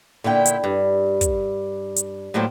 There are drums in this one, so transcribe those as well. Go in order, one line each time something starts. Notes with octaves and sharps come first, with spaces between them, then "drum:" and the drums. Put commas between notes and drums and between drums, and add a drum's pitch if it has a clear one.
A#2 D3 E4 G5
drum: hi-hat
G2
drum: kick, hi-hat
drum: hi-hat
A2 F#3 A3 A#3 C5 G5